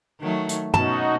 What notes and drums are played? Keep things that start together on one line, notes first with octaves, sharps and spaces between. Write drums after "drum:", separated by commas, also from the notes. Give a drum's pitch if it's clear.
D#3 F#3 A3
drum: hi-hat
B2 C#4 D#4 F#4 A5, drum: tom